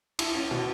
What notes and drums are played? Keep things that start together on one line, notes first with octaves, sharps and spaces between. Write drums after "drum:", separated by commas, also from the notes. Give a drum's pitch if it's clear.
E4, drum: cymbal
C#4
B2